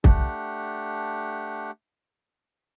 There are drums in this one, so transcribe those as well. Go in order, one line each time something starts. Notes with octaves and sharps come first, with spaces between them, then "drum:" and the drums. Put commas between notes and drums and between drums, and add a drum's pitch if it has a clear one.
A3 D4 G4 F#5, drum: kick